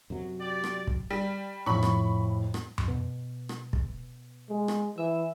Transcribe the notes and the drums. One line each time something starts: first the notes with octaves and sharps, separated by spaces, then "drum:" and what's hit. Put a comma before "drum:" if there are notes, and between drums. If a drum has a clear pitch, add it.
F#2 C3 F#3
G4 D5
drum: rim click
drum: kick
G3
F2 A2 B5 C#6
drum: rim click
drum: rim click
drum: tom F#2
B2
drum: rim click
drum: kick
G#3
drum: rim click
E3 E5